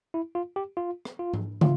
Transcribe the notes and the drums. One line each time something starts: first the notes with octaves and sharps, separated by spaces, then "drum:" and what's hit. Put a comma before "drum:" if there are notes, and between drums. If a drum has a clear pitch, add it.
E4
F4
G4
F4
drum: rim click
F4
drum: tom G#2
F4, drum: tom